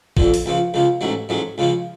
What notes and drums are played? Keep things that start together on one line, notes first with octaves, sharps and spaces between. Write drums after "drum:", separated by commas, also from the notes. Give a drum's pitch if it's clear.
F2 D3 F3, drum: kick G#1
drum: open hi-hat
C#2 C#3 F3
C#2 C#3 F3
A1 G#2 F#3
A1 G#2 F#3
C#2 C#3 F3